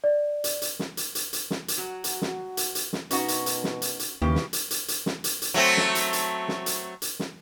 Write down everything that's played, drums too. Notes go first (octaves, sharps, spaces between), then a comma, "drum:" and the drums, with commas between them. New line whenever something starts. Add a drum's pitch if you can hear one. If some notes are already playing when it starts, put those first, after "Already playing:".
D5
drum: hi-hat
drum: hi-hat
drum: snare
drum: hi-hat
drum: hi-hat
drum: hi-hat
drum: snare
drum: hi-hat
F#3 F#4
drum: hi-hat
drum: snare
drum: hi-hat
drum: hi-hat
drum: snare
B2 C#4 D#4 F#4, drum: hi-hat
drum: hi-hat
drum: hi-hat
drum: snare
drum: hi-hat
drum: hi-hat
D#2 C#3 E3 F3 G4
drum: snare
drum: hi-hat
drum: hi-hat
drum: hi-hat
drum: snare
drum: hi-hat
drum: hi-hat
F#3 A3 C4
drum: snare
drum: hi-hat
drum: hi-hat
drum: snare
drum: hi-hat
drum: hi-hat
drum: snare